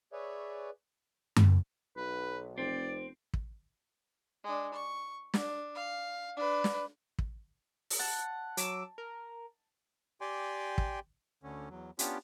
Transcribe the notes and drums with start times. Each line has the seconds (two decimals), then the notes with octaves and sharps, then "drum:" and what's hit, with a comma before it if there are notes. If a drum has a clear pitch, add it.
0.13 G#4 B4 C#5 D5 E5
1.36 drum: tom F#2
1.97 B1 B4
2.58 F1 C4 D5
3.34 drum: kick
4.44 G#3 D4
4.74 C#6
5.34 D4, drum: snare
5.75 F5
6.36 D4 B4
6.64 drum: snare
7.19 drum: kick
7.90 drum: open hi-hat
7.99 F#5 A5
8.57 F#3 D6 E6, drum: hi-hat
8.98 A#4
10.21 G4 D5 G5 G#5 C6
10.78 drum: kick
11.43 D2 D3 C#4
11.69 E2 F#3
11.99 B3 C#4 D4 F4 G4, drum: hi-hat